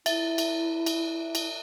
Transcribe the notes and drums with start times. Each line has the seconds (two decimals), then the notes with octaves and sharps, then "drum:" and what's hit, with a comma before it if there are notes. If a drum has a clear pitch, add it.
0.06 E4 E5, drum: cymbal
0.38 drum: cymbal
0.86 drum: cymbal
1.35 drum: cymbal